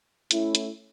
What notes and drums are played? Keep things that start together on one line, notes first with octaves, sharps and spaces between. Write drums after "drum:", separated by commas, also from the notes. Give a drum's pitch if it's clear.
A3 C#4 E4, drum: hi-hat
drum: hi-hat